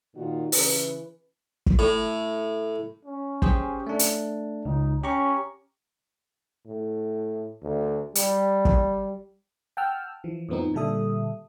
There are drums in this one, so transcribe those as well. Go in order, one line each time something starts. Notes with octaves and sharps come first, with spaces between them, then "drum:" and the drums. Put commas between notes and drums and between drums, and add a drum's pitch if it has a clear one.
A#2 D#3 D#4 F4 F#4
C#3 E3 C#4 B4, drum: open hi-hat
drum: kick
A2
C#4
G4 G#4 C5, drum: kick
A3 D4
drum: hi-hat
C#2 D#4
C#4 G4 A#5 C#6
A2
D2
G3, drum: hi-hat
drum: kick
F#5 G5 A5 E6 F6
E3 F3
F2 A2 F3 B3 C4 D#4
A#2 D3 G3 A4 E5 D#6